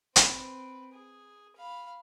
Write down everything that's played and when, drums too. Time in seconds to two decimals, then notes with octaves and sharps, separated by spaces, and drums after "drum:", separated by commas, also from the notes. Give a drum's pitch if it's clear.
0.16 C4 B4, drum: hi-hat
0.93 G#4
1.56 F5 B5